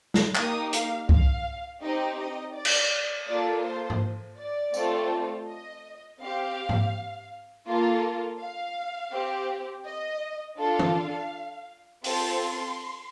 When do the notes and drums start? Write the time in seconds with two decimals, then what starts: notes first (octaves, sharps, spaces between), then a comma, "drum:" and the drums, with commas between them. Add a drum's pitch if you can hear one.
0.14 drum: snare
0.35 A#3 D#4 G4 D#6, drum: clap
0.73 F5, drum: hi-hat
1.09 F5, drum: kick C2
1.82 C4 D#4 G4 D#5
2.18 D#5
2.54 D5
2.65 drum: cymbal
3.27 A#3 F4 A4 D5
3.64 C5
3.90 drum: tom G#2
4.38 D5
4.74 A3 C4 F4 A4, drum: tambourine
5.47 D#5
6.20 C4 G4 F5
6.69 drum: tom G#2
7.67 A#3 F4 A4
8.39 F5
9.12 C4 G4
9.85 D#5
10.58 D4 F4 A4 F5
10.79 drum: tom E3
12.04 C4 F4 A4 C6, drum: open hi-hat